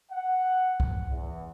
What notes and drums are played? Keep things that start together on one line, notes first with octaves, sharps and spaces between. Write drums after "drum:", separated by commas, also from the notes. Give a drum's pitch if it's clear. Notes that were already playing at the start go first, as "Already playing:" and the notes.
F#5
drum: kick
E2